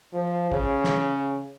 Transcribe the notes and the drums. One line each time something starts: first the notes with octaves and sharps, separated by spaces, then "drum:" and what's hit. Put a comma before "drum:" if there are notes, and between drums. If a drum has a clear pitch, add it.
F3
C#3, drum: kick
drum: snare